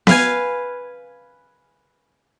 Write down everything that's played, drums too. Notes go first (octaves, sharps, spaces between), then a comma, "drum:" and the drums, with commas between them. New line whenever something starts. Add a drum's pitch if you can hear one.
B4 F5 G#5, drum: snare B3